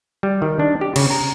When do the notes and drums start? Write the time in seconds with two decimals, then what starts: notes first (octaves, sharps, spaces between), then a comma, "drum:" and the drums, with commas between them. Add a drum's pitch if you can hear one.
0.23 G3
0.42 D#3
0.59 D4
0.81 G4
0.96 C#3, drum: cymbal
1.10 A#5